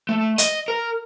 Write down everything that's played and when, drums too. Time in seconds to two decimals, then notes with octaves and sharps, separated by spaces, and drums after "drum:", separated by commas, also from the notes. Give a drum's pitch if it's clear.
0.09 A3
0.38 D#5, drum: hi-hat
0.68 A#4